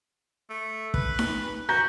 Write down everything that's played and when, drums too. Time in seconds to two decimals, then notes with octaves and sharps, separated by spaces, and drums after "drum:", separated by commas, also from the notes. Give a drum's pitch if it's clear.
0.50 A3
0.94 B4, drum: kick
1.19 drum: snare D#4
1.69 F#4 A#5 G6 A#6